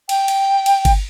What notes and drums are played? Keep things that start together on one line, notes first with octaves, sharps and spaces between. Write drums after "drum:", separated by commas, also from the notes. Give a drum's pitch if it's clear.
G5, drum: cymbal
drum: cymbal
drum: cymbal
drum: kick G1, cymbal